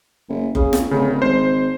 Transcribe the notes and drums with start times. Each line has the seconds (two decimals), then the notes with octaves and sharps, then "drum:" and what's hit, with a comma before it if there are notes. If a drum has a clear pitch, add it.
0.29 F#1
0.55 C#3, drum: kick F#1
0.73 drum: snare
0.91 D1 C#3
1.22 G#1 C5